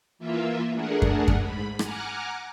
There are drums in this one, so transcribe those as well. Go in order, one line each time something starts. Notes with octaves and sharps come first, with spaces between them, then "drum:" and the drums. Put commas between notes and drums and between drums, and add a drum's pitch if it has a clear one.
E3 A#3 F4 E5
A3 D4 G#4 A#4 F#5
drum: kick F#2
drum: kick F#2
G#2 B5
F#5 G#5 A#5 D6 F6 F#6, drum: rim click